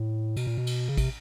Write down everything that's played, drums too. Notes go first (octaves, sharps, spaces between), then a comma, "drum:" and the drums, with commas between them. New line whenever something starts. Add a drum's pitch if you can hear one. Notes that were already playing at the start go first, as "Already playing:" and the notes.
Already playing: A2
B2, drum: cymbal
A#2
B2
drum: cymbal
C#3
C3, drum: kick, cymbal